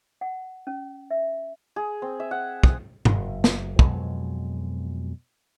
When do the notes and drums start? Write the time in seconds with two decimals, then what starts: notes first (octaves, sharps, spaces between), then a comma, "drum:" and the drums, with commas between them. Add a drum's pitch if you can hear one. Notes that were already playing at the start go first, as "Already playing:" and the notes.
0.21 F#5
0.67 C#4
1.11 E5
1.76 G#4
2.02 C4
2.20 E5
2.31 F#5
2.63 D#6, drum: kick
3.05 F#1, drum: tom G2
3.44 drum: snare
3.79 F2 B2 F#3 G#3, drum: kick